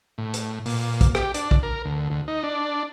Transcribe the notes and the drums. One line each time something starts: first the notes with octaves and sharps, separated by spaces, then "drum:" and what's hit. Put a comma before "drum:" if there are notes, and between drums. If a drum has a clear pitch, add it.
A2
drum: hi-hat
A#2, drum: open hi-hat
drum: kick A#1, hi-hat
G4, drum: rim click
D4, drum: hi-hat
drum: kick A#1
A#4
D2
D2
D#4
D4